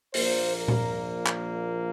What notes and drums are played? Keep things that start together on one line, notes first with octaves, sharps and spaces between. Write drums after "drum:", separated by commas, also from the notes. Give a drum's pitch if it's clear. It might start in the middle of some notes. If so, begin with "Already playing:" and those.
A#1 A#2 F3 A#3 C5, drum: open hi-hat
A#4
drum: tom A#2
drum: clap